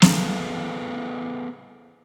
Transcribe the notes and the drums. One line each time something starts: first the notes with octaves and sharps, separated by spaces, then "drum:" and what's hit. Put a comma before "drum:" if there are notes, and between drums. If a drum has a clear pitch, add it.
B3 G#4 A4 B4 C5 F5, drum: snare